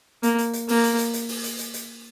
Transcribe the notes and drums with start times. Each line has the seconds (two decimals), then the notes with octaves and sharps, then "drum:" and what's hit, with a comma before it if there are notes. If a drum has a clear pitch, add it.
0.23 A#3, drum: hi-hat
0.38 drum: hi-hat
0.53 drum: hi-hat
0.68 A#3, drum: open hi-hat
0.83 drum: hi-hat
0.99 drum: hi-hat
1.14 drum: hi-hat
1.29 drum: open hi-hat
1.44 drum: hi-hat
1.59 drum: hi-hat
1.74 drum: hi-hat